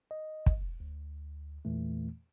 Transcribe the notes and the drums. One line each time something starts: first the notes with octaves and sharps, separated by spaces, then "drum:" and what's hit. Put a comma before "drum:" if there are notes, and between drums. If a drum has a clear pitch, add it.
D#5
drum: kick
D2
E2 A#2 E3 A3